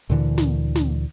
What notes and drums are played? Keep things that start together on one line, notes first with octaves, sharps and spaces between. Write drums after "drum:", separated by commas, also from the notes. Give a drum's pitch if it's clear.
D2 A#2 D3 E3
drum: snare
drum: snare